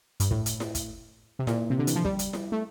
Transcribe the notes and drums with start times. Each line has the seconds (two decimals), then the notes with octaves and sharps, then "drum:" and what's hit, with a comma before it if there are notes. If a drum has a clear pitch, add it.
0.20 G2, drum: hi-hat
0.31 A2, drum: kick
0.46 drum: hi-hat
0.60 drum: snare E4
0.75 drum: kick, hi-hat
1.39 C3
1.47 A#2, drum: snare E4
1.70 C3
1.79 D3
1.87 E3, drum: hi-hat
1.95 F3
2.04 G3, drum: kick
2.19 drum: hi-hat
2.33 drum: snare E4
2.52 A3